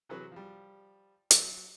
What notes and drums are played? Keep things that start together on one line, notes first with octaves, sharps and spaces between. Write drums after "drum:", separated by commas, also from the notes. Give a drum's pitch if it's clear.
C3 E3 F#3 F#4 G#4 B4
F3 G3
F#3, drum: hi-hat